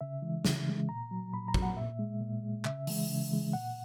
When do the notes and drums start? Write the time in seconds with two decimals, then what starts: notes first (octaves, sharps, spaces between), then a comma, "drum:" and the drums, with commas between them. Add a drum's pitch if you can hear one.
0.01 C#3 E5
0.22 E3 G#3
0.45 C#3, drum: snare
0.66 E3 G#3
0.89 A#2 A#5
1.11 F#3
1.33 A#2 B5
1.48 A#5
1.54 F#3, drum: kick
1.62 F#5
1.76 A#2 E5
1.99 G#3
2.21 A#2
2.43 G#3
2.65 C#3 E5, drum: clap
2.87 E3 G#3, drum: open hi-hat
3.09 C#3
3.31 E3 G#3
3.53 A#2 F#5